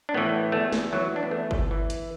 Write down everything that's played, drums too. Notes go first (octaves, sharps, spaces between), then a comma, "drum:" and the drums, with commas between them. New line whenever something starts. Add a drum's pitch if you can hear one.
D4
A2 E3 B3
E2 A3
drum: snare
E3 F#3
D4
B3
E2 A3
drum: kick G1
E3
drum: hi-hat